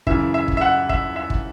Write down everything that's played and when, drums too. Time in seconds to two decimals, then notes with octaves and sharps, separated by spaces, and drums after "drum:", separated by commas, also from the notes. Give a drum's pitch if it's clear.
0.07 F#2 C#3 E3 E5, drum: kick
0.34 E5
0.48 drum: kick
0.57 E5
0.61 F#5
0.89 E5, drum: kick
1.16 E5
1.30 drum: kick